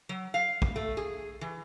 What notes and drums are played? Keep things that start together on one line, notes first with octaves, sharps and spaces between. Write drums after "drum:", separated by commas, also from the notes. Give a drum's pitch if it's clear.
F#3
F5
drum: kick
A3
G#4
E3